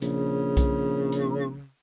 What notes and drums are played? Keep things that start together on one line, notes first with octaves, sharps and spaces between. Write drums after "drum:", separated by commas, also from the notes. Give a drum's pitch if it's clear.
A#1 C#3, drum: hi-hat
drum: kick B1, hi-hat
drum: hi-hat